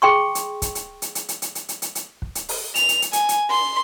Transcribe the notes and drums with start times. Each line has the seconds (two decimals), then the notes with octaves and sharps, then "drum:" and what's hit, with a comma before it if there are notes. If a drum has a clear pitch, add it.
0.02 G#4 G5 C6 C#6
0.35 drum: hi-hat
0.62 drum: kick, hi-hat
0.75 drum: hi-hat
1.02 drum: hi-hat
1.15 drum: hi-hat
1.29 drum: hi-hat
1.42 drum: hi-hat
1.55 drum: hi-hat
1.69 drum: hi-hat
1.82 drum: hi-hat
1.95 drum: hi-hat
2.22 drum: kick
2.35 drum: hi-hat
2.49 drum: open hi-hat
2.75 F7, drum: hi-hat
2.89 drum: hi-hat
3.02 drum: hi-hat
3.13 G#5, drum: hi-hat
3.29 drum: hi-hat
3.50 C6